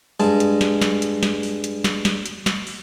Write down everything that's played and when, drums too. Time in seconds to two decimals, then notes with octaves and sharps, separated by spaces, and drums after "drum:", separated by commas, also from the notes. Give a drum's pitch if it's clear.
0.20 G2 G#3 A5, drum: open hi-hat
0.40 drum: hi-hat
0.61 drum: snare
0.81 drum: snare
1.02 drum: hi-hat
1.23 drum: snare
1.43 drum: open hi-hat
1.64 drum: hi-hat
1.84 drum: snare
2.05 drum: snare
2.26 drum: hi-hat
2.46 drum: snare
2.67 drum: open hi-hat